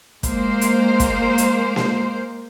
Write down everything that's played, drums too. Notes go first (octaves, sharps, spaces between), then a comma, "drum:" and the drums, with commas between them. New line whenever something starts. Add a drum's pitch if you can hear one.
G#3 A#3 C5, drum: kick, hi-hat
drum: hi-hat
drum: kick, hi-hat
drum: hi-hat
drum: snare A#3